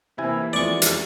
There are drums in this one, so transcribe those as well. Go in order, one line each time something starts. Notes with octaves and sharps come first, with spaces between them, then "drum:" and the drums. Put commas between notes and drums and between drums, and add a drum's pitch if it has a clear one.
C3 E3 A#3 E4 G#5
F2 E3 G#3 F#4 D5 C#6
drum: hi-hat